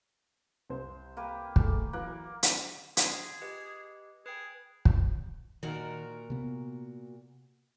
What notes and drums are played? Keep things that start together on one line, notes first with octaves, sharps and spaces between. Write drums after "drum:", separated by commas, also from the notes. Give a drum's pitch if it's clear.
C2 C5
A#3 G4 B4
A3 G#4, drum: kick
E3 F#3 A#3 F#6
drum: hi-hat
F4 G#4, drum: hi-hat
G4 B4 D#5
G#4 B4 G5
drum: kick
A#2 D#3 F#4 A#4
C3 B3